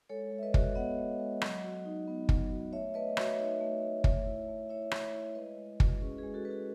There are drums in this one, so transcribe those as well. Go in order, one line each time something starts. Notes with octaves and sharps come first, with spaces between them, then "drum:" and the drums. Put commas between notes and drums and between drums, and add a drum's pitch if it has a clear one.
G#3 A4 C#5
G#3
E5
B4 D#5
F#4, drum: kick
B3 D#5 F#5
G#3
G#3
F#3, drum: rim click
F#4
D#4
B3
F#3, drum: kick
F#4
A3 C#5 E5
A3 B4 D#5
F#4 C#5 E5, drum: rim click
D#4 C#5 E5
A3
A3
A3, drum: kick
E4
A3
E4 C#5 E5
A3, drum: rim click
E4
G#3 B4 D#5
G#3
F#4, drum: kick
C#4 G#4 B4
G#3 G#4 B4
F#4 A4
G#3 B4
F#4 A4